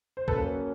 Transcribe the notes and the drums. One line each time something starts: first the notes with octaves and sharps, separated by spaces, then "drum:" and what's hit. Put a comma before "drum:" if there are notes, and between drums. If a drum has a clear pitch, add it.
C5
C#3 F#3 A#3 C#4 A4 B4, drum: kick C2